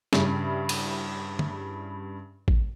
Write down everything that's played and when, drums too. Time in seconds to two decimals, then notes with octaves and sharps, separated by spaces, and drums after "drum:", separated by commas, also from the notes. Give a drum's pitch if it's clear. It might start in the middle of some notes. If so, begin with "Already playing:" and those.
0.13 G2 C#3 G3 E4, drum: snare
0.69 drum: cymbal
1.39 drum: tom
2.48 drum: kick A1